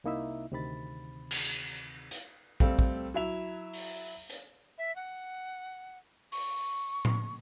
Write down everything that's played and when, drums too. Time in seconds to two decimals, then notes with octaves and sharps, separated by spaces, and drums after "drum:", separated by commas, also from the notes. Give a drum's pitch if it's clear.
0.04 C2 C3 A#3 D#4 E4 E5
0.52 D2 C3 D#3 C4 B5 A6
1.31 drum: cymbal
2.11 drum: hi-hat
2.60 G3 A3 C4 A4 F5, drum: kick
2.79 drum: kick
3.14 F#3 E4 E5 F7
3.74 drum: open hi-hat
4.30 drum: hi-hat
4.78 E5
4.96 F#5
6.32 C#6, drum: open hi-hat
7.05 drum: tom A2